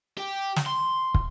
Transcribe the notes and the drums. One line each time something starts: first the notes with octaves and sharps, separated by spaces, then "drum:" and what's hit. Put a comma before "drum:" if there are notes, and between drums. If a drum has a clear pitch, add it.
G4
drum: snare
C6
drum: kick